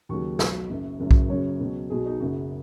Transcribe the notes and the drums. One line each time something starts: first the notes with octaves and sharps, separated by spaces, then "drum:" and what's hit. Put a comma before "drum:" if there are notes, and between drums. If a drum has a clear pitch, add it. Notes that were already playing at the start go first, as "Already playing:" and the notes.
D#2 C#3 F#3 C#6
B1 B2 F#3, drum: snare
F#1 F#2 F#3
F#1 F#2 F#3
drum: kick B1
F#1 F#2 C#3 F#3 C#5
C#2 B2 F#3
B1 B2 F#3 G#4
D#4
F#1 F#2 C#3 F#4